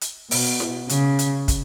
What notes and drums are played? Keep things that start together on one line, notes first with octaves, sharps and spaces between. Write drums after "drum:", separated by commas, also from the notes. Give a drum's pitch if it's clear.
drum: hi-hat
B2, drum: open hi-hat
drum: snare E4
C#3, drum: hi-hat
drum: hi-hat
drum: kick, hi-hat